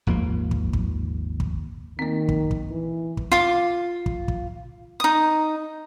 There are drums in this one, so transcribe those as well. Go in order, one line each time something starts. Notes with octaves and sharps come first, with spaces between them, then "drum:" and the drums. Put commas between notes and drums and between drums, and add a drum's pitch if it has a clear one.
G#1 D#2 F3 A#3
drum: kick
drum: kick
drum: kick
D#3 A#3 C4
drum: kick
drum: kick
E3
drum: kick
F4 D6
drum: kick
drum: kick
D#4 D#6